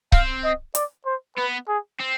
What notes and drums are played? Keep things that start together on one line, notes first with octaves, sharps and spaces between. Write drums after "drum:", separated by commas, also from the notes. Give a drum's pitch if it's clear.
C4 F5, drum: kick C#1
D#5
D5, drum: hi-hat
C5
B3 B4
G#4
C4